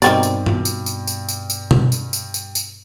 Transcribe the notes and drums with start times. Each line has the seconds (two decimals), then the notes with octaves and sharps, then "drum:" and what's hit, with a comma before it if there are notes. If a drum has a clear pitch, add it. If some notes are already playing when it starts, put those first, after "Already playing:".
0.02 G2 B2 D#3 C4 D5 D6, drum: tambourine
0.23 drum: tambourine
0.46 B2, drum: tom G2
0.65 drum: tambourine
0.86 drum: tambourine
1.07 drum: tambourine
1.29 drum: tambourine
1.50 drum: tambourine
1.71 drum: tom B2
1.92 drum: tambourine
2.13 drum: tambourine
2.34 drum: tambourine
2.55 drum: tambourine